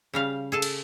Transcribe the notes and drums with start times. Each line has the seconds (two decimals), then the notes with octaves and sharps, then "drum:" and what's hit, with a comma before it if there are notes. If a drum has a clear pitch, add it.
0.14 C#3 G3 F5
0.52 G#4 A4 A5
0.62 drum: cymbal